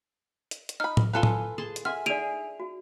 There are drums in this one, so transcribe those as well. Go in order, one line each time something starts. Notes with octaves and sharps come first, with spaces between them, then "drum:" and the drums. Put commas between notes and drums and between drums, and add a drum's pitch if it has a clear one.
drum: hi-hat
drum: hi-hat
D#4 B5 F6
drum: tom A2
F4 A4 B4 F5 G#5 C6
drum: tom A2
G#4 A5 C6
drum: hi-hat
E5 F#5 G#5 C6 F6
D4 D#4 G#4 D5 E5 D7 D#7 F7
F#4